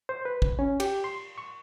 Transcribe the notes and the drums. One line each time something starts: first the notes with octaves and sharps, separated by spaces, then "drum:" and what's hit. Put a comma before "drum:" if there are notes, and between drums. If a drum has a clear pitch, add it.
C5
B4
drum: kick
C#4
G4, drum: cymbal
C6
C#6